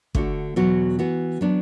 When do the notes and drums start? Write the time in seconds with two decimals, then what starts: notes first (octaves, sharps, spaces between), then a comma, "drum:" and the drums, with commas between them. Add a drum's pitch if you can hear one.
0.15 D3 A3 D4 F#4, drum: kick
0.56 E2 B2 F#3 B3 F#4
0.99 E3 B3 F#4
1.41 F#3 B3 D4